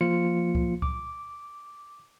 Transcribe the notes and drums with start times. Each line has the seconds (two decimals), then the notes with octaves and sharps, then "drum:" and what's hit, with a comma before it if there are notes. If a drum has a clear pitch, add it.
0.01 F3 A#3 F4 C#7
0.55 drum: kick C#2
0.82 D6, drum: kick C#2